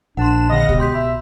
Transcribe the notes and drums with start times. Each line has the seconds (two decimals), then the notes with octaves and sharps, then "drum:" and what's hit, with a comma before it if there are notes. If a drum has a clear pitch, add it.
0.17 A#1 D4 F#5 C6 E7
0.50 D3 D#5 F5 F#5 B5 A#6
0.69 B2 G4, drum: kick C2
0.80 G#3 C6 G6 B6
0.94 E5 B5